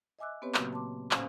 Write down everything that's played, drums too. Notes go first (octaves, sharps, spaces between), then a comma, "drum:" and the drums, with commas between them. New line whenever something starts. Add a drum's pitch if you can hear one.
D#5 E5 G#5 D6 E6 F#6
B3 C4 G4 B4 C#5
A#2 C#3 F#3 A#3 F#4, drum: clap
A5 C6 D6
A2 C#4 C5 F5 G#5, drum: clap